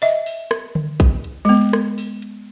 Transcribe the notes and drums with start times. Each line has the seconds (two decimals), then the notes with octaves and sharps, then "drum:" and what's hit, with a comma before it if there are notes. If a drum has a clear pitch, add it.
0.02 D#5 E5, drum: hi-hat
0.26 drum: open hi-hat
0.51 drum: rim click
0.75 drum: tom D3
1.00 drum: kick A#1, hi-hat
1.24 drum: hi-hat
1.45 G#3 B3
1.73 drum: rim click
1.98 drum: open hi-hat
2.22 drum: hi-hat